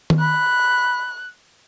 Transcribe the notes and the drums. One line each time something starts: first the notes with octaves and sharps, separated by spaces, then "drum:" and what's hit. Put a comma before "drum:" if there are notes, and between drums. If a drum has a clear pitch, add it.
drum: tom D#3
B5 F#6